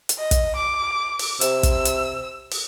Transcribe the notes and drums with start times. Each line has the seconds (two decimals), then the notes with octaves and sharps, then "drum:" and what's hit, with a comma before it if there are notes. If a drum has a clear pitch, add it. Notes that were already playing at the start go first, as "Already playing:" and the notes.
0.09 drum: hi-hat
0.19 D#5
0.31 drum: kick, hi-hat
0.56 D6
1.19 drum: open hi-hat
1.41 C3 E6, drum: hi-hat
1.63 drum: kick, hi-hat
1.85 drum: hi-hat
2.51 drum: open hi-hat